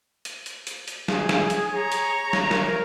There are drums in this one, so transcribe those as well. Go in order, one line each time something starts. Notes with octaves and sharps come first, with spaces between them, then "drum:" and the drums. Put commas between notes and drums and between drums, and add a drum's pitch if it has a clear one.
drum: hi-hat
drum: hi-hat
drum: hi-hat
drum: hi-hat
G#4, drum: snare
drum: snare
drum: hi-hat
C#5 A#5
drum: hi-hat
drum: snare
A#4, drum: snare